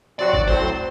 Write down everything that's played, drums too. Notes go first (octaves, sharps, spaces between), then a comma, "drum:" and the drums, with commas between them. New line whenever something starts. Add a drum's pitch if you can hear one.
C3 F#3 C4 F#4 D5
drum: kick G#1
A2 F#3 C4 C5